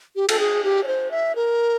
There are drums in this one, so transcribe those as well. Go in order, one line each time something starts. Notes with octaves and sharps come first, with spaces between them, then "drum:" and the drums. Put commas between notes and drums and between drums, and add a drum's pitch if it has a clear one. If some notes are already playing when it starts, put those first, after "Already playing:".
G4
A4, drum: cymbal
G#4
G4
C#5
C5
E5
A#4